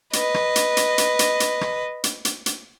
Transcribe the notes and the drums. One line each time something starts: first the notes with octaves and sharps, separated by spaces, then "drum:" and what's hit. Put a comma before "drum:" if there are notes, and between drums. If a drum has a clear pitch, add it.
B4 D#5, drum: hi-hat
drum: rim click
drum: hi-hat
drum: hi-hat
drum: hi-hat
drum: hi-hat
drum: hi-hat
drum: rim click
drum: hi-hat
drum: hi-hat
drum: hi-hat